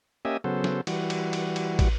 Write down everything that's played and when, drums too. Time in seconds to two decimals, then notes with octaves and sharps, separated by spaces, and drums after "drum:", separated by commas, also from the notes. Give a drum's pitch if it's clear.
0.25 A#3 C#4 G4 D#5 E5 G#5
0.44 C#3 F#3 B3 A4 C5
0.64 drum: snare
0.87 E3 G3 F#4, drum: cymbal
1.10 drum: cymbal
1.33 drum: cymbal
1.56 drum: cymbal
1.79 drum: kick, cymbal